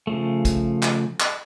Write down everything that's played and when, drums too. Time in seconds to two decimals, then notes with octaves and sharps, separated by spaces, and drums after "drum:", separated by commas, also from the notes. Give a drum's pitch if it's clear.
0.07 C#3 F3 A3
0.45 drum: kick A1, hi-hat
0.83 drum: clap
1.20 drum: clap